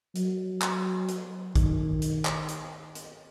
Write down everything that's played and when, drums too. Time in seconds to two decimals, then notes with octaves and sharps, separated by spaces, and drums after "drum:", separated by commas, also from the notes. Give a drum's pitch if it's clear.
0.15 F#3, drum: hi-hat
0.62 drum: clap
1.08 drum: hi-hat
1.55 D#3, drum: kick, hi-hat
2.02 drum: hi-hat
2.25 drum: clap
2.48 drum: hi-hat
2.95 drum: hi-hat